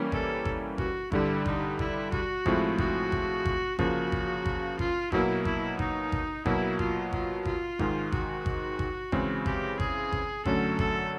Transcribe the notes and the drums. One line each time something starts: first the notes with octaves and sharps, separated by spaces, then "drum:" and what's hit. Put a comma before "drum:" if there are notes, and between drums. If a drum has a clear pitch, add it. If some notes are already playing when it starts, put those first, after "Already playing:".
Already playing: E3 G3 A#3 C#4
A4, drum: kick G#1
drum: kick G#1
F#4, drum: kick G#1
G2 D3 G3 E4, drum: kick G#1
D#4, drum: kick G#1
E4, drum: kick G#1
F#4, drum: kick G#1
A2 F3 G#3 C4 E4, drum: kick G#1
F#4, drum: kick G#1
drum: kick G#1
drum: kick G#1
C#3 F3 A#3 F#4, drum: kick G#1
drum: kick G#1
drum: kick G#1
F4, drum: kick G#1
B2 F#3 A#3 E4, drum: kick G#1
E4, drum: kick G#1
D#4, drum: kick G#1
drum: kick G#1
B2 F#3 A#3 E4, drum: kick G#1
F4, drum: kick G#1
F4, drum: kick G#1
F4, drum: kick G#1
G#2 D#3 G#3, drum: kick G#1
F#4, drum: kick G#1
drum: kick G#1
drum: kick G#1
C#3 E3 G#3 C4, drum: kick G#1
G4, drum: kick G#1
G#4, drum: kick G#1
drum: kick G#1
F#2 D3 F#3 A3 C#4 A4, drum: kick G#1
A4, drum: kick G#1